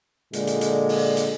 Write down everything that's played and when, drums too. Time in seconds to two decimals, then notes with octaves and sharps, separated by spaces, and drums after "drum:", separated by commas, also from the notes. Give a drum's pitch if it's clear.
0.33 A#2 D3 G#3, drum: hi-hat
0.47 drum: hi-hat
0.61 drum: hi-hat
0.89 drum: open hi-hat
1.17 drum: hi-hat